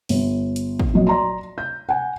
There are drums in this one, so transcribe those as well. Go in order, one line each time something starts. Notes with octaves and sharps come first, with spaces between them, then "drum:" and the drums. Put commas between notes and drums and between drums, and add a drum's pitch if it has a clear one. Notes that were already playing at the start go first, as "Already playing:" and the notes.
G1, drum: open hi-hat
drum: hi-hat
drum: kick
A#2 F#3 D#5
D5 A#5 C6
G6
F#5 G#5